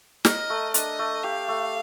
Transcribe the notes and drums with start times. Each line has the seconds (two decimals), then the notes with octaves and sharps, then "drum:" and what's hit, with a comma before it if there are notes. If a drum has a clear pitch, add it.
0.25 A#4 D#5, drum: snare
0.50 A3
0.74 D4 D#5, drum: hi-hat
0.99 A3
1.24 G4 F5
1.48 A3